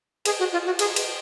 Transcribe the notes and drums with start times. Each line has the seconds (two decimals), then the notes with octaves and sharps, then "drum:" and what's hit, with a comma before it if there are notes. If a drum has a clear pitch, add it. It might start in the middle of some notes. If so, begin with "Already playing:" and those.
0.25 G#4, drum: cymbal
0.39 F#4
0.53 F4
0.66 F#4
0.79 G#4, drum: cymbal
0.96 drum: cymbal